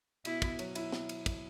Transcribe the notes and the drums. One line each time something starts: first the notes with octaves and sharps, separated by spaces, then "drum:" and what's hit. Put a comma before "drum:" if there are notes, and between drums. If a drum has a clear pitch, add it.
B2 E4, drum: cymbal
B2, drum: kick, cymbal
F#3, drum: cymbal
E4, drum: cymbal
drum: snare
drum: cymbal
drum: kick, cymbal